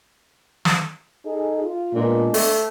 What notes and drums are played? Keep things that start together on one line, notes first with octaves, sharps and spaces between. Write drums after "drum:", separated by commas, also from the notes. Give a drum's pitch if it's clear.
drum: snare
D#4 G#4 A4
F4
A#2 G#3 B3 D4
A3, drum: open hi-hat